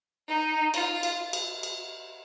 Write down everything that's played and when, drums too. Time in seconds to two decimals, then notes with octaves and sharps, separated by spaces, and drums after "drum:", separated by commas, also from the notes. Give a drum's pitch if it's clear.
0.28 D#4
0.74 F4, drum: cymbal
1.03 drum: cymbal
1.33 drum: cymbal
1.63 drum: cymbal